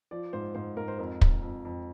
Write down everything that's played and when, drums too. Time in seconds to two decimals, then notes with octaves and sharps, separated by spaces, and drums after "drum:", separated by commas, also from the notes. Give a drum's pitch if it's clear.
0.11 F3 D5
0.33 G#2 C5
0.55 G#2 C5
0.77 G#2 A#4
0.88 C5
0.99 F2 A#4
1.21 F2, drum: kick
1.42 F2
1.65 F2